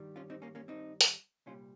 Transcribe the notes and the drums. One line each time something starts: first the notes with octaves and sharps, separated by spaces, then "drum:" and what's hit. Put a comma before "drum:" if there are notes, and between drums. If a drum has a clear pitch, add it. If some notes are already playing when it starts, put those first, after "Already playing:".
Already playing: G2 D#3 G3
C#4 F4
C4 D#4
A#3 C#4
A#3 C#4
C4 D#4
drum: open hi-hat
C2 A#2 G3 C#4 F4